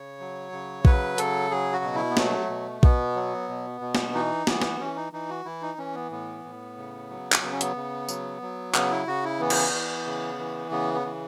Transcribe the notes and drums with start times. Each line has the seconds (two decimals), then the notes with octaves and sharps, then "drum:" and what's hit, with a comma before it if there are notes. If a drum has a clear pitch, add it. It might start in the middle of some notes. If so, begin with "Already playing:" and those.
Already playing: C#3 C#5
0.20 F#3
0.52 C#3
0.85 F#3 B4, drum: kick A#1
1.18 C#3 A4, drum: hi-hat
1.51 F#3 G#4
1.73 F#4
1.84 B2
1.95 E4
2.11 B3
2.17 F#3 A3, drum: snare
2.50 B2
2.83 B2 B3, drum: kick A#1
3.16 F#3
3.48 B2
3.81 B2
3.95 drum: snare
4.14 E3 D#4
4.47 E3 B3, drum: snare
4.62 drum: snare
4.80 E3 C#4
4.96 D#4
5.13 E3 D#4
5.30 F#4
5.45 E3 E4
5.62 D#4
5.78 E3 C#4
5.95 B3
6.11 A2 B3
6.44 A2
6.77 C#3
7.10 F#3
7.32 drum: clap
7.43 C#3 B3
7.52 C#4
7.61 B3, drum: hi-hat
7.76 C#3
8.08 F#3, drum: tambourine
8.42 F#3
8.74 C#3 B3, drum: clap
8.91 E4
9.07 C#3 F#4
9.24 E4
9.40 E3 B3
9.50 drum: cymbal
9.73 E3
10.06 C#3
10.39 E3
10.71 C#3 B3
10.94 B3
11.05 E3